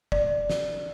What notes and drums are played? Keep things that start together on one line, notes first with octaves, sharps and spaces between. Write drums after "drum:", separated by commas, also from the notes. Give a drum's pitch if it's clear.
D5, drum: kick
drum: snare